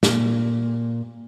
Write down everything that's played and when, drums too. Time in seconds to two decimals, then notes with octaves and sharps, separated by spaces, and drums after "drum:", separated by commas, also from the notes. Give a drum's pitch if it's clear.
0.03 A#2, drum: snare